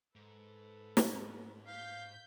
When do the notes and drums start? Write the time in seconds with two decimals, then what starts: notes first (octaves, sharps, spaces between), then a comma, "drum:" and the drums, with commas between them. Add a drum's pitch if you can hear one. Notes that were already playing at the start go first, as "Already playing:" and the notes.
0.16 G#2 A4 B4
0.97 drum: snare
1.67 F5 G6 B6